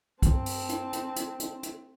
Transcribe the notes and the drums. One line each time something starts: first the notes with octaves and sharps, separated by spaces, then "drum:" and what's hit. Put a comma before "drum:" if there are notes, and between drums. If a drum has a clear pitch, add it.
C4 A5, drum: kick, hi-hat
drum: open hi-hat
drum: hi-hat
drum: hi-hat
drum: hi-hat
drum: hi-hat
drum: hi-hat